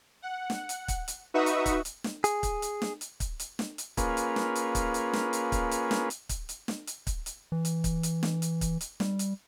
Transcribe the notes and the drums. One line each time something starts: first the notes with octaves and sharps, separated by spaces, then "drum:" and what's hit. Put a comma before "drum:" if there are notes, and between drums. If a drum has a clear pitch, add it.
F#5
drum: snare
drum: hi-hat
drum: kick, hi-hat
drum: hi-hat
D#4 F#4 B4 E5 C#6 D#6
drum: hi-hat
drum: kick, hi-hat
drum: hi-hat
drum: snare
G#4, drum: hi-hat
drum: kick, hi-hat
drum: hi-hat
drum: snare
drum: hi-hat
drum: kick, hi-hat
drum: hi-hat
drum: snare
drum: hi-hat
A#3 C#4 F4 G#4 B4, drum: kick, hi-hat
drum: hi-hat
drum: snare
drum: hi-hat
drum: kick, hi-hat
drum: hi-hat
drum: snare
drum: hi-hat
drum: kick, hi-hat
drum: hi-hat
drum: snare
drum: hi-hat
drum: kick, hi-hat
drum: hi-hat
drum: snare
drum: hi-hat
drum: kick, hi-hat
drum: hi-hat
E3
drum: hi-hat
drum: kick, hi-hat
drum: hi-hat
drum: snare
drum: hi-hat
drum: kick, hi-hat
drum: hi-hat
G3, drum: snare
drum: hi-hat